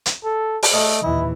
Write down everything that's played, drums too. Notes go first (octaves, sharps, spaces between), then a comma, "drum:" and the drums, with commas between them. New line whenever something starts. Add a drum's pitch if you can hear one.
drum: hi-hat
A4
drum: open hi-hat
A3 D#5
D#2 A#2 E3 E4